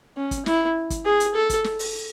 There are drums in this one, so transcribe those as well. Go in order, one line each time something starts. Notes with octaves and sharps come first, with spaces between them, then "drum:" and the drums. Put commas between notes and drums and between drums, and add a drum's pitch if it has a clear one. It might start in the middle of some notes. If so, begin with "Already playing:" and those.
C#4
drum: kick, hi-hat
E4, drum: snare
drum: kick, hi-hat
G#4
drum: hi-hat
A4
drum: kick, hi-hat
drum: snare
drum: open hi-hat